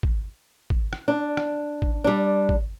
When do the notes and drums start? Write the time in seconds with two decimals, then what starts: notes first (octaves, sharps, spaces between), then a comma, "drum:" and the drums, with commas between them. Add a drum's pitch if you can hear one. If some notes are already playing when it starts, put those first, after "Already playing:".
0.03 drum: kick
0.70 drum: kick
0.93 drum: rim click
1.08 D4
1.37 drum: rim click
1.82 drum: kick
2.04 G3 D4
2.49 drum: kick